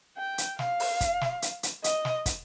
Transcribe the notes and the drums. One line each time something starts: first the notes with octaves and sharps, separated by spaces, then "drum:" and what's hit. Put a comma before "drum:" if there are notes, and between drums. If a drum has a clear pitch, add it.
G5
drum: hi-hat
F5, drum: snare
drum: open hi-hat
drum: kick, hi-hat
drum: snare
drum: hi-hat
drum: hi-hat
D#5, drum: hi-hat
drum: snare
drum: kick, hi-hat